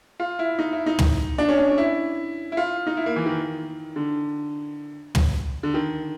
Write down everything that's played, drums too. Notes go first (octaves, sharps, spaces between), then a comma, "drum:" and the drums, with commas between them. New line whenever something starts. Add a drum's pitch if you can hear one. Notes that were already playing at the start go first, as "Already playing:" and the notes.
F4
E4
D#4
E4
D#4
drum: tom
D4
C#4
D4
D4
E4
E4
F4
D#4
E4
A#3
E3
D#3
D3
drum: tom
D3
D#3